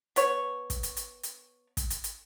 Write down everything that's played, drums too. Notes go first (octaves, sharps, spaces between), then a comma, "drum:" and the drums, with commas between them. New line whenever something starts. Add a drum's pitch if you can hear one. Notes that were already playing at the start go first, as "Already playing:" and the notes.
B3 C#5, drum: hi-hat
drum: kick, hi-hat
drum: hi-hat
drum: hi-hat
drum: hi-hat
drum: kick, hi-hat
drum: hi-hat
drum: hi-hat